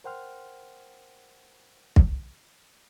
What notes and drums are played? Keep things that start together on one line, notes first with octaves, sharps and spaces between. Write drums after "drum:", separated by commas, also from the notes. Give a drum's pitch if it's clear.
A#4 C5 F#5 G5 C6 F6
drum: kick